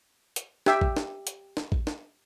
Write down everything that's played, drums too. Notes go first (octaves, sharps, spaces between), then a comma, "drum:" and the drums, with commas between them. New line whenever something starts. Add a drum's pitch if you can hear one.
drum: hi-hat
G4 E5, drum: snare
drum: kick A1
drum: snare
drum: hi-hat
drum: snare
drum: kick A1
drum: snare